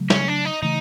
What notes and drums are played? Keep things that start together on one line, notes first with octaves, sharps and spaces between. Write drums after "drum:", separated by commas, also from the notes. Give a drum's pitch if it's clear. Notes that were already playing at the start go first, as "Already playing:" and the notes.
Already playing: C#3 F#3 A3
C#4, drum: snare
D4
D#4
C#3 E3 A3 D#4